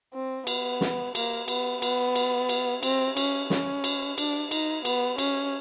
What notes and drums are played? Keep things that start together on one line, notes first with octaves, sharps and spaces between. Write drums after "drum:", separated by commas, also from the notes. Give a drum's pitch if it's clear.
C4
B3, drum: cymbal
drum: snare
A#3, drum: cymbal
B3, drum: cymbal
B3, drum: cymbal
drum: cymbal
drum: cymbal
C4, drum: cymbal
C#4, drum: cymbal
C#4, drum: snare
drum: cymbal
D4, drum: cymbal
D#4, drum: cymbal
B3, drum: cymbal
C#4, drum: cymbal